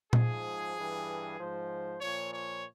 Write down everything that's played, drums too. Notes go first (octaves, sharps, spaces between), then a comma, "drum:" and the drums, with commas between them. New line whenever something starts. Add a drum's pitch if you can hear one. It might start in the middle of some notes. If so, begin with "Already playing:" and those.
G#2 F3 G#4, drum: tom A#2
G2 E3
G#2 F3 C5
A#2 F3 C#5
C#5